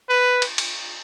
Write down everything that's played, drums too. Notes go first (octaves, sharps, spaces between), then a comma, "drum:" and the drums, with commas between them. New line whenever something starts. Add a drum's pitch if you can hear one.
B4
drum: cymbal
drum: cymbal